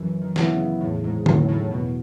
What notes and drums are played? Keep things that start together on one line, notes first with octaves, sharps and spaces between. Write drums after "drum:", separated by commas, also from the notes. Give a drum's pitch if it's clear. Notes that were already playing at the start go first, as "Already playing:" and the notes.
Already playing: F#2 E3
D#3
E3 B3 E4, drum: snare
C#3
E2 A2
G#2
A2 D#3 F#3 C#4 E4, drum: tom D3
A2
E2 B2